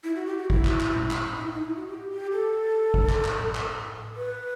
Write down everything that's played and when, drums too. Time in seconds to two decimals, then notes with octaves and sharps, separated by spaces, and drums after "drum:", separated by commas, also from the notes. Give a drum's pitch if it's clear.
0.04 E4
0.16 F#4
0.26 G4
0.38 F#4
0.50 E4, drum: kick
0.65 drum: clap
0.80 drum: clap
0.96 drum: tom A#2
1.11 drum: clap
1.37 D#4
1.41 E4
1.53 D#4
1.65 E4
1.76 F#4
1.88 G4
2.11 G4
2.33 A4
2.94 drum: kick
3.09 drum: clap
3.25 drum: clap
3.40 drum: tom A2
3.55 drum: clap
4.16 B4